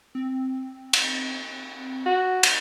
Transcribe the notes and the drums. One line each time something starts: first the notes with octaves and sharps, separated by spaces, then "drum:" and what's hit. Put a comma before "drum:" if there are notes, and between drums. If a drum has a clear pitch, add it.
C4
drum: cymbal
F#4
drum: cymbal